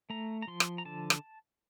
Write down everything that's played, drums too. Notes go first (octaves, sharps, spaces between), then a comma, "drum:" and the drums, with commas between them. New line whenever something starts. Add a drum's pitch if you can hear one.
A3 A#5
A#5
F3 C6
drum: rim click
A#5
D3 A5
drum: rim click